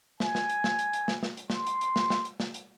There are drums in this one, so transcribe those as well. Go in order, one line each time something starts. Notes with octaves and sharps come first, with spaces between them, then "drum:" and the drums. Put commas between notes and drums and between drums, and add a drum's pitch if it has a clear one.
G#5, drum: snare
drum: snare
drum: hi-hat
drum: snare
drum: hi-hat
drum: hi-hat
drum: snare
drum: snare
drum: hi-hat
C6, drum: snare
drum: hi-hat
drum: hi-hat
drum: snare
drum: snare
drum: hi-hat
drum: snare
drum: hi-hat